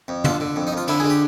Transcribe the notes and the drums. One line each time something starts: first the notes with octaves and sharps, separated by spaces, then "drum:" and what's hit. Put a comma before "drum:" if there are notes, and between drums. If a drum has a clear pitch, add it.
F2
D3 F4, drum: tom
D3
F2
D#4
F2 F4
D3 E4, drum: cymbal
D3 G#4
G4